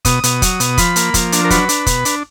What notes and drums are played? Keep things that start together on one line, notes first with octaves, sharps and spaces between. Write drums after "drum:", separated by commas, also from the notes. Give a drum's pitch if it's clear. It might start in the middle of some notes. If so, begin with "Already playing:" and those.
B2 D#6, drum: kick, hi-hat
B2, drum: hi-hat
F#3, drum: kick, hi-hat
B2, drum: hi-hat
F3 B5, drum: kick, hi-hat
A#3, drum: hi-hat
F3, drum: kick, hi-hat
D4, drum: hi-hat
A#4
F#3 B4, drum: kick, hi-hat
D4, drum: hi-hat
B2, drum: kick, hi-hat
D4, drum: hi-hat